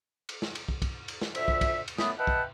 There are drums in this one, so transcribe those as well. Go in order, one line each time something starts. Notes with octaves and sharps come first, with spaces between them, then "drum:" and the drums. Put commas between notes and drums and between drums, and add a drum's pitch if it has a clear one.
drum: cymbal
drum: snare
drum: cymbal
drum: kick
drum: kick, cymbal
drum: cymbal
drum: snare
D2 A#2 C5 E5, drum: cymbal
drum: kick
drum: kick, cymbal
drum: cymbal
F#2 A3 B3 D4 B5 D#6, drum: snare
B4 D#5 E5 F#5 G5 A5
drum: kick